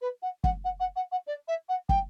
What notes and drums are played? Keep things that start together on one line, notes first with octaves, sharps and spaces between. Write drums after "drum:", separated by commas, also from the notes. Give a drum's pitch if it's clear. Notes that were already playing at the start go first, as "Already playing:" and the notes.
B4
F#5
F#5, drum: kick
F#5
F#5
F#5
F#5
D5
E5
F#5
G5, drum: kick